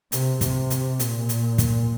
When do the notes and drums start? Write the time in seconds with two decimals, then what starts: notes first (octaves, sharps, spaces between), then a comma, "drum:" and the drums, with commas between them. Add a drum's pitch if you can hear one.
0.12 C3, drum: hi-hat
0.41 C3, drum: kick, hi-hat
0.70 drum: hi-hat
0.99 A#2, drum: hi-hat
1.29 drum: hi-hat
1.58 drum: kick, hi-hat